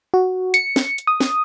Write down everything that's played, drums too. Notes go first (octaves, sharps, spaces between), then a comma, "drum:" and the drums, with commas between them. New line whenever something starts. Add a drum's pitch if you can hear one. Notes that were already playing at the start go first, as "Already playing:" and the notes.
F#4
C#7, drum: hi-hat
drum: snare
drum: hi-hat
D#6
drum: snare